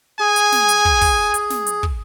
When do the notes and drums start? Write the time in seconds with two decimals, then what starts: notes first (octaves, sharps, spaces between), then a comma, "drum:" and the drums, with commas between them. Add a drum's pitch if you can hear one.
0.20 G#4 G#5
0.36 drum: hi-hat
0.52 drum: snare
0.69 drum: hi-hat
0.85 drum: kick
1.01 drum: kick, open hi-hat
1.34 drum: hi-hat
1.50 drum: snare
1.67 drum: hi-hat
1.83 drum: kick